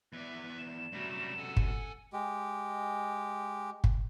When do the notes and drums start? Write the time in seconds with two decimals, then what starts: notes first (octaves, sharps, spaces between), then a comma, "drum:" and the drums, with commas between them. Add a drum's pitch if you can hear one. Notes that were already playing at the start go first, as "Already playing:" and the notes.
0.13 E2 B4 D5 E5
0.58 E7
0.92 F#2 C3 G3 A3 F#4
1.37 A4 F#5 G#5
1.57 drum: kick
2.13 G#3 G4
3.84 drum: kick